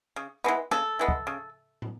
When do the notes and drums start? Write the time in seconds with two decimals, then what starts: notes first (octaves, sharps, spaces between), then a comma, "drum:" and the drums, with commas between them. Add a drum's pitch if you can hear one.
0.16 C#3
0.44 E3 G#3 B3
0.71 C#3 A4, drum: rim click
0.99 E3 G#3 B3
1.09 drum: kick
1.27 C#3
1.82 drum: tom